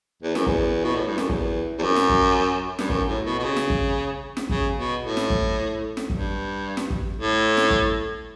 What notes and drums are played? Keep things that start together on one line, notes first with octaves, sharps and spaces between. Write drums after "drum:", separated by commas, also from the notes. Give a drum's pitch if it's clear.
E2
F#2, drum: snare
E2, drum: kick
B2
A2
G2
F#2, drum: snare
E2, drum: kick
E2
F#2
drum: snare
drum: kick
G2, drum: snare
F#2, drum: kick
A2
B2
B2
C#3
drum: snare
drum: kick
drum: snare
C#3, drum: kick
B2
A2
drum: snare
drum: kick
drum: snare
G2, drum: kick
drum: snare
drum: kick
A2
drum: snare
drum: kick